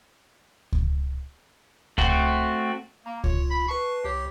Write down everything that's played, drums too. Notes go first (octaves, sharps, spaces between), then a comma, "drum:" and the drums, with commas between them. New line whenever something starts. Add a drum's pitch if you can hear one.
drum: kick C#2
A3 C4 F#4, drum: kick C#2
A#3 A#5
F4 C#5, drum: kick C#2
B5
B4 A5 C#6 C7
C2 G4 C#5